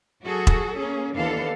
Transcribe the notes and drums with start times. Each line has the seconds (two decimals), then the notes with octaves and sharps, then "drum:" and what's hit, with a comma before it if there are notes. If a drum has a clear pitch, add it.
0.23 F#3 F#4 G#4 A4
0.47 drum: kick E1
0.76 A#3 C#4 G#4
1.14 D#2 E3 B3 D4 A4 F5